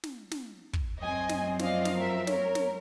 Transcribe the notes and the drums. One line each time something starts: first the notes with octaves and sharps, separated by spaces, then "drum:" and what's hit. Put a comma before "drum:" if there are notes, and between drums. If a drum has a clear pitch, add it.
drum: snare
drum: snare
drum: kick
F#2 C4 D#5 G#5
drum: snare
F3 D5 D#5 F5, drum: snare
drum: snare
A#4 E5
A#4 C#5, drum: snare
drum: snare